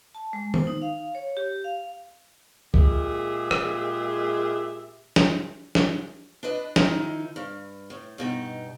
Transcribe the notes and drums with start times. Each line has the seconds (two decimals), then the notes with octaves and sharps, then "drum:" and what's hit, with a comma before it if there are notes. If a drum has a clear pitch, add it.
0.15 A5
0.33 G#3
0.54 C5, drum: tom D#3
0.67 D#4
0.82 F5
1.15 C#5
1.37 G4
1.64 F5
2.74 A#2 G#3 G4 G#4 E5, drum: kick C#2
3.51 drum: rim click
5.16 drum: snare
5.75 drum: snare
6.43 D4 B4 D#5
6.76 D#3 F3 D#4 E4, drum: snare
7.36 G2
7.90 A2
8.18 G2 B2 D#4